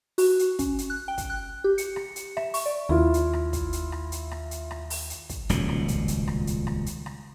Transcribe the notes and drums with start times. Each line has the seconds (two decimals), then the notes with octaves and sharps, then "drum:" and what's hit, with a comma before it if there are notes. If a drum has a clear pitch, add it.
0.18 F#4, drum: open hi-hat
0.39 drum: hi-hat
0.59 C#4, drum: kick, hi-hat
0.78 drum: hi-hat
0.90 F#6
1.08 G5
1.18 drum: kick, hi-hat
1.30 F#6
1.64 G4
1.78 C#7, drum: hi-hat
1.96 drum: rim click
2.16 drum: hi-hat
2.37 E5, drum: rim click
2.54 C#6, drum: open hi-hat
2.66 D5
2.89 D#2 E4 F4
3.14 drum: hi-hat
3.33 drum: rim click
3.53 drum: kick, hi-hat
3.73 drum: hi-hat
3.92 drum: rim click
4.12 drum: hi-hat
4.31 drum: rim click
4.51 drum: hi-hat
4.71 drum: rim click
4.90 drum: open hi-hat
5.10 drum: hi-hat
5.29 drum: kick, hi-hat
5.49 D#1 C#2 B2 F3, drum: hi-hat
5.69 drum: rim click
5.88 drum: kick, hi-hat
6.08 drum: hi-hat
6.28 drum: rim click
6.47 drum: hi-hat
6.67 drum: rim click
6.86 drum: hi-hat
7.06 drum: rim click